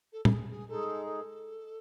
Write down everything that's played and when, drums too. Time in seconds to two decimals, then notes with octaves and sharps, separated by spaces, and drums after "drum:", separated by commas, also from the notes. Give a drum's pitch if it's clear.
0.12 A4
0.25 A4, drum: tom A#2
0.31 G#4
0.50 G#4
0.68 G#3 D#4 G#4 A4
1.06 A4